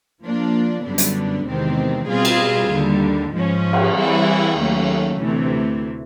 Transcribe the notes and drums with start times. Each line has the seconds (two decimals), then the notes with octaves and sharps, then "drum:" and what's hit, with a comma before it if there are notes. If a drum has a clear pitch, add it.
0.23 F3 A#3 D4 F4
0.85 F#2 D3 G3 B3 D4
0.98 drum: hi-hat
1.47 E2 C3 D#3 G#3 C4
2.10 B2 G3 C4 F4 G#4
2.25 drum: cymbal
2.72 D#2 D3 G3
3.35 G#2 F3 G#3 C#4
3.73 drum: cymbal
3.96 E3 G3 C4 E4 G#4
4.59 D#2 D#3 F#3 A3 C#4
5.20 D2 C3 E3 A3